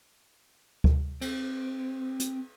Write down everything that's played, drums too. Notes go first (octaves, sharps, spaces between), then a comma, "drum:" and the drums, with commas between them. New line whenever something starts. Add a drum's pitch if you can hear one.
drum: kick D2
C4, drum: cymbal
drum: hi-hat